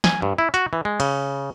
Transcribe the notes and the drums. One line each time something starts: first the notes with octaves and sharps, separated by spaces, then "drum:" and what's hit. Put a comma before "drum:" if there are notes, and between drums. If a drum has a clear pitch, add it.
G#5, drum: snare
G2
E4
F#4, drum: hi-hat
E3
G#3
C#3, drum: cymbal